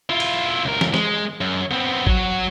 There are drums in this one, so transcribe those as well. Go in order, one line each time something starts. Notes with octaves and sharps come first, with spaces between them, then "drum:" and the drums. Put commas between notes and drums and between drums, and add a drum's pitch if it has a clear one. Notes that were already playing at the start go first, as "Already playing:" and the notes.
E4 F4
drum: cymbal
C#2 A#4
drum: snare
G#3, drum: snare
F#2
B3 C4
F#3 F#4, drum: kick